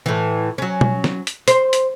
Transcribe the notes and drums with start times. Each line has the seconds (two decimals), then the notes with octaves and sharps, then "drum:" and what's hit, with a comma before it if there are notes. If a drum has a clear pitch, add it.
0.06 A2 E3
0.58 F#3 C#4
0.81 drum: tom B2
1.04 drum: snare
1.27 drum: hi-hat
1.48 C5, drum: hi-hat
1.73 drum: hi-hat